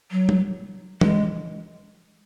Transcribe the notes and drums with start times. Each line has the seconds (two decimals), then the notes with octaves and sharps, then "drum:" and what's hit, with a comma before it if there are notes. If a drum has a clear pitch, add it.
0.11 F#3
0.29 drum: tom
1.01 G#3, drum: tom E3